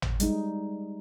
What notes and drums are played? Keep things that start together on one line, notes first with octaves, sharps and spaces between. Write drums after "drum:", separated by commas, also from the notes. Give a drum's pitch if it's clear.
drum: tom
G3 G#3 D#4, drum: hi-hat